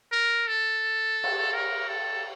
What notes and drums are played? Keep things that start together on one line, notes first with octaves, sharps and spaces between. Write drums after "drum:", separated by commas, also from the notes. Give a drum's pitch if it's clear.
A#4
A4
drum: cymbal
A#4
A4